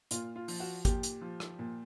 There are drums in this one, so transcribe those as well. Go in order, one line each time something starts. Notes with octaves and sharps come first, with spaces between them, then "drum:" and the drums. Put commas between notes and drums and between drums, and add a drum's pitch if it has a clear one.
A#2 F4, drum: hi-hat
F4
F3, drum: open hi-hat
F#4
A#2 G4, drum: kick, hi-hat
drum: hi-hat
F3
drum: rim click
A#2